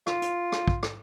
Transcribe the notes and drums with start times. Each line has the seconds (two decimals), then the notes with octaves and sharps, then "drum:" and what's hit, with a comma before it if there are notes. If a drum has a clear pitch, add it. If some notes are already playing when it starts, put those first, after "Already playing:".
0.07 F4, drum: rim click
0.22 drum: hi-hat
0.52 drum: rim click
0.68 drum: kick
0.83 drum: rim click